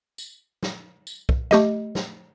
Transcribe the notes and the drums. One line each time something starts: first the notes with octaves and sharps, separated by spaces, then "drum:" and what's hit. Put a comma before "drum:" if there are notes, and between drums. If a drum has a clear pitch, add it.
drum: tambourine
drum: snare
drum: tambourine
drum: kick
A3 G4 D#5, drum: snare
drum: snare